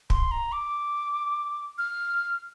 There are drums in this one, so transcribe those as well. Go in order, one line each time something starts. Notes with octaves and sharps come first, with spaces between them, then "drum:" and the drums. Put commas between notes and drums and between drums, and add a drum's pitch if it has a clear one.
C6, drum: kick
A#5
D6
F6